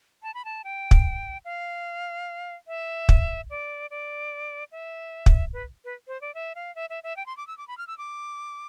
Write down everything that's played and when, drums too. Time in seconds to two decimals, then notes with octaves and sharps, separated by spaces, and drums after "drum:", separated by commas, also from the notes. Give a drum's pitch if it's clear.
0.23 A5
0.34 B5
0.45 A5
0.64 G5
0.91 drum: kick
1.45 F5
2.68 E5
3.09 drum: kick
3.50 D5
3.90 D5
4.72 E5
5.26 drum: kick
5.53 B4
5.85 B4
6.08 C5
6.22 D5
6.35 E5
6.55 F5
6.76 E5
6.90 E5
7.04 E5
7.17 G5
7.26 C6
7.37 D6
7.47 E6
7.58 D6
7.68 B5
7.78 F6
7.87 E6
7.98 D6